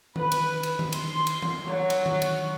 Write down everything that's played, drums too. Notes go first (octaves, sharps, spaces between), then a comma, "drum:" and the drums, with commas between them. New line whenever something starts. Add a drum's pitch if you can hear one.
B4, drum: tom D#3
drum: cymbal
drum: cymbal
drum: tom D#3
C6, drum: cymbal
drum: cymbal
drum: tom E3
F#3
drum: cymbal
drum: tom D#3
drum: cymbal